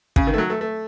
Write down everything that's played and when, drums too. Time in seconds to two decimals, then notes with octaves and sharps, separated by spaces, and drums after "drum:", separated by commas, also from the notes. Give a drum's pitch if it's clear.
0.16 C#3, drum: kick
0.27 D#3
0.34 A3
0.38 F#3
0.50 A3
0.61 A3